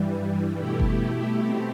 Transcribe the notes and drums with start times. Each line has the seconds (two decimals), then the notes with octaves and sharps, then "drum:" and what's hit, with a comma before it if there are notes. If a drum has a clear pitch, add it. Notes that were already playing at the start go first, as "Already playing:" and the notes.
Already playing: G2 E3 G3
0.59 B2 A3 E4 G4
0.80 drum: kick F#1
1.42 B2 A3 C4 G4